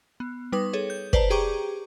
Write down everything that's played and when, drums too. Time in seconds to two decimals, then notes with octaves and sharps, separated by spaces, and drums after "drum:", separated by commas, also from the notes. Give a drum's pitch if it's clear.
0.20 B3
0.52 G3 D#4 B4 D#6
0.73 G#4 A4 C#5
0.90 G6
1.13 B4 C5 D5 A5 A#5, drum: kick
1.30 G4 G#4 G5 A#5 C#6 D6